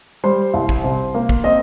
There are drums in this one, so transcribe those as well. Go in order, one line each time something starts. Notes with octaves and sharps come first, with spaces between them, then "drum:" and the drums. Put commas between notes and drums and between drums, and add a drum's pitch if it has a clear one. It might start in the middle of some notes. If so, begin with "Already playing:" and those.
G3 C5
C2
drum: kick
C3
A#3
drum: kick
C4 D#5